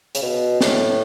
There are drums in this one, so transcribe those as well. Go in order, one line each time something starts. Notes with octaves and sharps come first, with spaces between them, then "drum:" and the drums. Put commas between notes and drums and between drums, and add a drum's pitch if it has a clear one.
C#3, drum: hi-hat
B2
A2, drum: snare